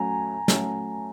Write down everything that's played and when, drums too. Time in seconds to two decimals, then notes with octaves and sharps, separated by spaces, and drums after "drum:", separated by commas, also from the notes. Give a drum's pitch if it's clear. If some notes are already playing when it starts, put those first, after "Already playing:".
Already playing: F#3 A3 C#4 G#5 A#5
0.48 F#3 A3 C#4, drum: snare